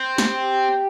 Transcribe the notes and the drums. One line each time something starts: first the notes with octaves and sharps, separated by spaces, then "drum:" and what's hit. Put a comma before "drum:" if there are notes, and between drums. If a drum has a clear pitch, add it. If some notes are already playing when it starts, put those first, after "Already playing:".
Already playing: C4
G4, drum: snare